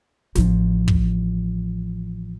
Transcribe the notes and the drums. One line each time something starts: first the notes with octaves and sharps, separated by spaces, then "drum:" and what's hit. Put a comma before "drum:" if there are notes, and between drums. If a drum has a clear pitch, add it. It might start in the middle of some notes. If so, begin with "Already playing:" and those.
A1 F3, drum: snare
drum: kick